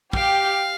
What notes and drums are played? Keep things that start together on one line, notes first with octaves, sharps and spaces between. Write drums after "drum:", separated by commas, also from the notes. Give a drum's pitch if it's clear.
G4 F5, drum: kick